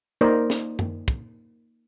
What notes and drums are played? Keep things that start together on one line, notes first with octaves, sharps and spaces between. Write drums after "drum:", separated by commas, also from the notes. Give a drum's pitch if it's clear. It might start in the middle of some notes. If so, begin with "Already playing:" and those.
A#3 D#4 A#4 C5 D5 D#5
drum: snare
drum: tom F#2
drum: kick